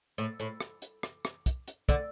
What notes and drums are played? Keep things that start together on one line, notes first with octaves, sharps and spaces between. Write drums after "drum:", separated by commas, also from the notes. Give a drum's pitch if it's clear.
A2
A2
drum: rim click
drum: hi-hat
drum: rim click
drum: rim click
drum: kick, hi-hat
drum: hi-hat
D3, drum: kick, hi-hat